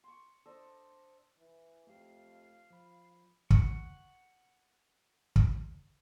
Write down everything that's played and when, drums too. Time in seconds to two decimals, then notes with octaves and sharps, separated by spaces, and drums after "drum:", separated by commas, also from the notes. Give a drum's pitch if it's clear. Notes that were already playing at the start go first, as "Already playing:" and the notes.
0.04 C6 C#6
0.45 D4 A4 C5 D#5
1.38 E3
1.87 F2 A3 G4 F5
2.70 F3 B5
3.50 F#5 C#6, drum: kick
5.36 drum: kick